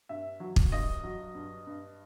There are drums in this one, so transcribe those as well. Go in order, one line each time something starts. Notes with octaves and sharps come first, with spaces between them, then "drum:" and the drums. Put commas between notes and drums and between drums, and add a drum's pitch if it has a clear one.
G2 E5
F#3
drum: kick
G2 D#5
F#3
G2
G2